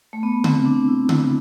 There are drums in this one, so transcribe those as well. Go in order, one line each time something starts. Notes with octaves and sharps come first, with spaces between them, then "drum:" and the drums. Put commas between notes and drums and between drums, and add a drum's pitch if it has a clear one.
A3
B3
C4, drum: tom C#3
D4
E4
E4, drum: tom C#3
E4